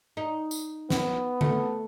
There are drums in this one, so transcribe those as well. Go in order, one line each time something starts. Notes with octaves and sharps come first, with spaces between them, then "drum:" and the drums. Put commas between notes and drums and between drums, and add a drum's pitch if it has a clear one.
D#4
drum: tambourine
B3, drum: snare
A3, drum: tom D3